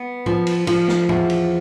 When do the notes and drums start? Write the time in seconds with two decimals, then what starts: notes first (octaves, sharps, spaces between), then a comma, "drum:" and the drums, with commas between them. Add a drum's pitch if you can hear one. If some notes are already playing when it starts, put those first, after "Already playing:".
Already playing: B3
0.26 F3, drum: tom A2
0.47 drum: cymbal
0.67 F3, drum: cymbal
0.88 drum: snare
1.09 E2, drum: tom A2
1.30 drum: cymbal